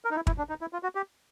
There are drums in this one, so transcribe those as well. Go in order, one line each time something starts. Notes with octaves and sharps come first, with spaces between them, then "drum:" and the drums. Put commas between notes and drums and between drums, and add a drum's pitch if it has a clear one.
A#4
D#4
E4
E4, drum: kick
D4
D#4
E4
F4
F#4
G4